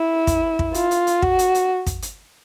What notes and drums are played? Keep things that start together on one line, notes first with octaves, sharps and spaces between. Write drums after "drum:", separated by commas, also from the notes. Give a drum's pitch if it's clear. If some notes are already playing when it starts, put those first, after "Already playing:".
Already playing: E4
drum: kick, hi-hat
drum: kick
F4, drum: hi-hat
drum: hi-hat
drum: hi-hat
F#4, drum: kick
drum: hi-hat
drum: hi-hat
drum: kick, hi-hat
drum: hi-hat